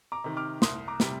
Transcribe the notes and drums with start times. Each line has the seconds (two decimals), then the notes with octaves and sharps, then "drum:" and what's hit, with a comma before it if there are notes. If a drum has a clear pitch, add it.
0.12 A#5 D6
0.24 C3 D#3
0.37 D6 F6
0.62 C2 C6 D#6, drum: snare
0.88 A#5 D6
1.00 C3 G3, drum: snare